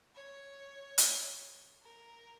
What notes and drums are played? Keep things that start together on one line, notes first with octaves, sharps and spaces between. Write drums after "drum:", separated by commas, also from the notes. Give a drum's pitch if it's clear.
C#5
drum: hi-hat
A#4